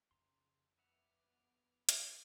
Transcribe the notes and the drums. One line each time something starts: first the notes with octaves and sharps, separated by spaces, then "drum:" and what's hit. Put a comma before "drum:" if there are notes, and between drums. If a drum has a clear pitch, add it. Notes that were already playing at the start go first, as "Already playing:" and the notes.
F2 C#3 A#5 C6
B3 B4 E5 F#5 D6 F6
drum: hi-hat